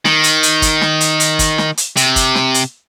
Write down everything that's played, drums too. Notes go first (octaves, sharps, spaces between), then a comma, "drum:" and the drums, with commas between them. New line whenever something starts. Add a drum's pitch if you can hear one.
D#3, drum: snare
drum: hi-hat
drum: hi-hat
drum: kick, hi-hat
drum: snare
drum: hi-hat
drum: hi-hat
drum: kick, hi-hat
drum: snare
drum: hi-hat
C3, drum: hi-hat
drum: kick, hi-hat
drum: snare
drum: hi-hat